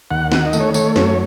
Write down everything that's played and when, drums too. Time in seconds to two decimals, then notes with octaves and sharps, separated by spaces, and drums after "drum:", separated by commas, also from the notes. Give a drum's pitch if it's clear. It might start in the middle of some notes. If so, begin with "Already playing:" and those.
0.11 D#2 F#5
0.32 D#3 F#5, drum: snare
0.46 D#5
0.53 A3, drum: tambourine
0.60 C#5
0.74 A3 C#5, drum: tambourine
0.96 F#2 C#5, drum: snare